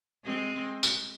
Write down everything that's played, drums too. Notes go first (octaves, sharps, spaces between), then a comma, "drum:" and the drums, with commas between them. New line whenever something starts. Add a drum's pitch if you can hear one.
G#3 C4
drum: tambourine